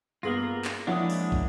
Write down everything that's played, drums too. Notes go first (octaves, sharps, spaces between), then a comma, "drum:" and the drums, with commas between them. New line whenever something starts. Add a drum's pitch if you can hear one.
G2 A#3 B3 F4 G#4 A#4 A#6 F#7
drum: clap
F3 G#3 A#3 D4 E4 C#5 F#5 D#6
drum: open hi-hat
drum: kick